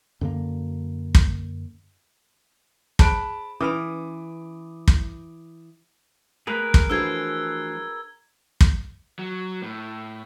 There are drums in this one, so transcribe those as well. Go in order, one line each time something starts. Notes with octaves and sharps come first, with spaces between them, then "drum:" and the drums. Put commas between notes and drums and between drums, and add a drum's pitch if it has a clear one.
F#2 D3 A#3
drum: kick
G#4 C5 A5 B5 D7, drum: kick
E3 C#4 B4 B5 D6 D#6
drum: kick
A3 A#3 G#4 A#4 B4
drum: kick
E3 F3 A3 D4 F#4 E6 G#6 C7
drum: kick
F#3
A2